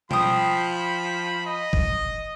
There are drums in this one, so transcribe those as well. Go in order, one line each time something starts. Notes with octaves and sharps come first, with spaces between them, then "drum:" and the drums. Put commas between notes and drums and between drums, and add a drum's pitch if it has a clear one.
F3 G5 B5 D#6, drum: tom
D#5
drum: kick